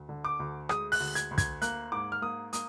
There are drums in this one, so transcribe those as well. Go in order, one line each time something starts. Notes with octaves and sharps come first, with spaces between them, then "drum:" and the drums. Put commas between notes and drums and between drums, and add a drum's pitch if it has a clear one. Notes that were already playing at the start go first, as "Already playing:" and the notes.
Already playing: D2
D3
D6
D2
G#3 D#6, drum: rim click
F#6, drum: open hi-hat
D2
G#6, drum: hi-hat
D2
G#6, drum: kick, hi-hat
A#3 F#6, drum: hi-hat
G#2 D6
F6
A#3 D#6
A#3 D#6, drum: hi-hat